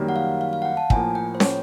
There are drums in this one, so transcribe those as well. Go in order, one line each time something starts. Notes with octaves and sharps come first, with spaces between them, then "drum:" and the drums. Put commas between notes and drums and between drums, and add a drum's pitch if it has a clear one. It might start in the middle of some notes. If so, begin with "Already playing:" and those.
Already playing: F#2 D#3 G3 A#3
F#5
F5
F5
F5
F#5
G5
A5
A2 F3 A#3 G#5, drum: kick
G5
C5
C#5, drum: snare